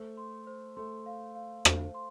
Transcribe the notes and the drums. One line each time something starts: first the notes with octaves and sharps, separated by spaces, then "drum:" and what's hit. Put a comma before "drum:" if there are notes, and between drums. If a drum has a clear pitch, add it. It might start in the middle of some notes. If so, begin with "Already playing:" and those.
Already playing: A3 C5
C6
C5
A3 C6
F5
F5
C5, drum: rim click
C6